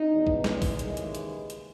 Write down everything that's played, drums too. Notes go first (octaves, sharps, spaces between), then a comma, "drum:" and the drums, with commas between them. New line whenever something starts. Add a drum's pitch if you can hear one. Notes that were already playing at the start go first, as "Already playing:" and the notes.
Already playing: D#4
E2 B2
drum: kick
G#3, drum: snare
drum: kick, open hi-hat
D#2 C#3 E3, drum: hi-hat
drum: hi-hat
drum: hi-hat
drum: hi-hat